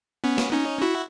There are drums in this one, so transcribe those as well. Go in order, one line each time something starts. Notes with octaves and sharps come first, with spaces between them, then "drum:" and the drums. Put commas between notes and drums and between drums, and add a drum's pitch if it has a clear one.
B3 C#4
drum: snare
C#4 D#4
E4 F#4